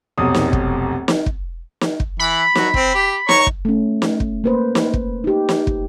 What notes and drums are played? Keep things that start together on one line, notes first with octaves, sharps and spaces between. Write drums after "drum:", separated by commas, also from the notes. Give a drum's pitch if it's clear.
F1 B1 D#6
drum: snare
drum: kick
drum: snare
drum: kick
drum: snare
drum: kick
E3 B5
F#3, drum: snare
C4, drum: kick
G4
C#5 A#5 C#6, drum: snare
drum: kick
A3 C#4
drum: snare
drum: kick
A#3 B4 C5
drum: snare
drum: kick
D#4 G4
drum: snare
drum: kick